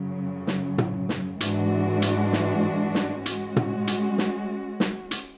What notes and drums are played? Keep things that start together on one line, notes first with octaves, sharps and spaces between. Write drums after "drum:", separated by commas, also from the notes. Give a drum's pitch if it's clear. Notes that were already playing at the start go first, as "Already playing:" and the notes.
Already playing: F#2 C#3 F#3
drum: snare
drum: tom
drum: snare
G#2 E3 G#3 D4 F#4, drum: hi-hat
drum: hi-hat
drum: snare
drum: snare
G#3 C#4 F#4, drum: hi-hat
drum: tom
drum: hi-hat
drum: snare
drum: snare
drum: hi-hat